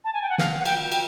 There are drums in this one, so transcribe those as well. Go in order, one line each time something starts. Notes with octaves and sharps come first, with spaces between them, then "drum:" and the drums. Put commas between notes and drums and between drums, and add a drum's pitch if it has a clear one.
A5
G#5
G5
F#5
F5, drum: snare
F#5
G5, drum: cymbal
G5, drum: cymbal